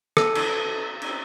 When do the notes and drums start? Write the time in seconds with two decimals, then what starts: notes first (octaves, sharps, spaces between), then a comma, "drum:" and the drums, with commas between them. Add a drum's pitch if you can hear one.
0.17 A4, drum: rim click
0.35 drum: cymbal
1.02 drum: cymbal